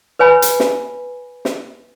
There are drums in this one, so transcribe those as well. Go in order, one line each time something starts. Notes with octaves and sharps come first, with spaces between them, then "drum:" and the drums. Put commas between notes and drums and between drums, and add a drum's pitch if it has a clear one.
B4 C#5 G#5 B5
drum: hi-hat
drum: snare
drum: snare